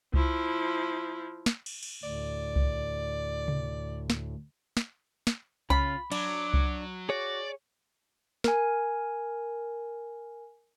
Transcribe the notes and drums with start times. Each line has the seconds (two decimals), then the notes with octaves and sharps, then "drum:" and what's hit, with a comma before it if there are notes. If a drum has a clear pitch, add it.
0.14 F3 E4, drum: kick C2
1.46 drum: snare
1.66 drum: cymbal
1.83 drum: cymbal
2.03 D2 A2 D5
2.56 drum: kick C2
3.48 drum: tom C3
4.10 drum: snare
4.77 drum: snare
5.27 drum: snare
5.70 C#3 C#4 F4 B5, drum: kick C2
6.12 F#3 D4 D6, drum: cymbal
6.53 drum: kick C2
7.09 F#4 G#4 C#5 D5
8.44 A#4 G#5, drum: snare